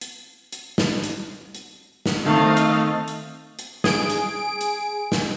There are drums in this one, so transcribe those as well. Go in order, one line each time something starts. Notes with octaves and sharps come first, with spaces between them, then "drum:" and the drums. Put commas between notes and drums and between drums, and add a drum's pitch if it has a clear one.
drum: hi-hat
drum: hi-hat
drum: snare
drum: hi-hat
drum: hi-hat
drum: snare
D#3 A3 C4 D#5 F5
drum: hi-hat
drum: hi-hat
drum: hi-hat
G#4 D7, drum: snare
drum: hi-hat
drum: hi-hat
drum: snare